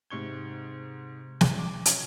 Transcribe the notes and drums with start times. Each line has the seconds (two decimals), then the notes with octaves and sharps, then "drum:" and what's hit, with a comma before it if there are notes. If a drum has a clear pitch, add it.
0.10 G#2 C3 C#6 G#6 G7
1.41 drum: snare
1.59 D6
1.86 C#4, drum: hi-hat